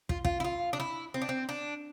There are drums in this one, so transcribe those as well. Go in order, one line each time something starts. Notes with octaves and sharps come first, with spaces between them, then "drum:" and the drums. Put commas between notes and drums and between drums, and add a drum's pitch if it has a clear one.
F4, drum: kick
F4, drum: kick
E4
F4
D4
E4
C4
D4
C4
D4